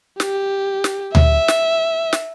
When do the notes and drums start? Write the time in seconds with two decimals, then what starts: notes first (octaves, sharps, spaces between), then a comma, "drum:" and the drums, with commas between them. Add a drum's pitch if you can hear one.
0.20 G4, drum: snare
0.84 drum: snare
1.15 E5, drum: tom D2
1.48 drum: snare
2.13 drum: snare